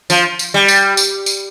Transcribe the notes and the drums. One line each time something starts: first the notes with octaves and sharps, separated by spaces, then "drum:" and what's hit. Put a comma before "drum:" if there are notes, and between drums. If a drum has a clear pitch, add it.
F3, drum: tambourine
drum: tambourine
G3
drum: tambourine
drum: tambourine
drum: tambourine